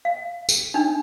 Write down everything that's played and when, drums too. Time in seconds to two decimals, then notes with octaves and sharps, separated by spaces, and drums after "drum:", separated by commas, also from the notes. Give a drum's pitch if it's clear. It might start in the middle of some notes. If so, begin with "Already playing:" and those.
0.05 F5
0.49 drum: tambourine
0.74 D4 D#4